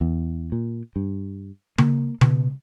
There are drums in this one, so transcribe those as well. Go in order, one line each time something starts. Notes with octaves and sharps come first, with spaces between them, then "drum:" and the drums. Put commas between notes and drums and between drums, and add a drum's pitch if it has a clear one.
E2
A#2
G2
A#3, drum: tom C#3
B2, drum: tom C#3